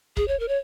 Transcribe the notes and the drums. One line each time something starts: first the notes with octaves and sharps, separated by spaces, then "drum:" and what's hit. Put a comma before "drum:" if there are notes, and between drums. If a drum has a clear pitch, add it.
G#4, drum: kick
C#5
A#4
C#5